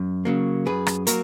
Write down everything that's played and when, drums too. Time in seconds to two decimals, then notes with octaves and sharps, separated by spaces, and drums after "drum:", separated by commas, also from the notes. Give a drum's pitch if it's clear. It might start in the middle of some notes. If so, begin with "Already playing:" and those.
Already playing: F#2
0.25 C#3 F#3 A#3
0.67 F#2 G#4 B4
0.87 drum: rim click
1.07 F#3 A#3 F#4 A#4, drum: hi-hat